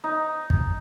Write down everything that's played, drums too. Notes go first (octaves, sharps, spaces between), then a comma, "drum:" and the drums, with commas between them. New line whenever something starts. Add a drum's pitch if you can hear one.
D#4
drum: kick